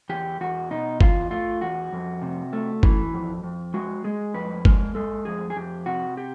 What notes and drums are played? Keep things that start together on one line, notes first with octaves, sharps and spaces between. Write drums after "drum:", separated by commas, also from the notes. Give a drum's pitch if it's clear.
E2 G4
E2 F#4
B2 D#4
E2 F4, drum: kick F#1
A3 F4
E2 F#4
F2
C3
A3
E3, drum: kick F#1
F2
F2
G#3 F#4
G#3 G#4
F2 B4
G#3 A#4, drum: kick F#1
G#3 A4
F2 G#4
G#4
F2 G4
C3 F#4
G4